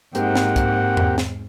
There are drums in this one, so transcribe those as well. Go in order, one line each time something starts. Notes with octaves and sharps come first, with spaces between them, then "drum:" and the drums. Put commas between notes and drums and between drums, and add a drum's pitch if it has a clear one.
G#2 A#3 C4 G4 F#5, drum: hi-hat
drum: snare
drum: kick C2, hi-hat
drum: tom E2
drum: snare